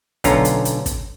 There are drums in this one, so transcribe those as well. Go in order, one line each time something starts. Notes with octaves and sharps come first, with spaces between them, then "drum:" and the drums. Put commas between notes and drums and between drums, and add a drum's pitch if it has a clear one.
B1 D3 C#4 F4 A#5, drum: kick, hi-hat
drum: hi-hat
drum: hi-hat
drum: kick, hi-hat